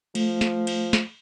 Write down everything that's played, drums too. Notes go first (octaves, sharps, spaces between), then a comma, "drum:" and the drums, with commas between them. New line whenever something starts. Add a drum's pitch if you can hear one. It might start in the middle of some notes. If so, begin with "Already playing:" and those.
F3 A3, drum: cymbal
drum: snare
drum: cymbal
drum: snare